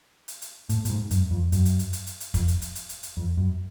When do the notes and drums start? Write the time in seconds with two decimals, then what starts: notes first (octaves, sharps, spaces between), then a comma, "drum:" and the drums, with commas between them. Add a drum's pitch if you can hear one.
0.28 drum: hi-hat
0.42 drum: hi-hat
0.69 A2, drum: hi-hat
0.85 A2, drum: hi-hat
0.90 G#2
1.11 F#2, drum: hi-hat
1.31 F2
1.52 F#2, drum: hi-hat
1.65 drum: hi-hat
1.79 drum: hi-hat
1.93 drum: hi-hat
2.07 drum: hi-hat
2.20 drum: hi-hat
2.34 F2, drum: kick, hi-hat
2.48 drum: hi-hat
2.62 drum: hi-hat
2.75 drum: hi-hat
2.89 drum: hi-hat
3.03 drum: hi-hat
3.17 F2
3.37 F#2